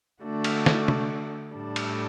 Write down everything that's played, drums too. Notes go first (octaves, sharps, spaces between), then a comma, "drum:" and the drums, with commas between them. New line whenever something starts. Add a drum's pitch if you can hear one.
D3 A3 D4 F#4
drum: cymbal
drum: snare
drum: tom C3
A2 G3 D4 A4
drum: cymbal